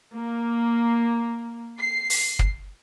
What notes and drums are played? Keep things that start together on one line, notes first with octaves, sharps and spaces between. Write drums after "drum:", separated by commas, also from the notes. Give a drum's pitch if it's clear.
A#3
C7
drum: open hi-hat
drum: kick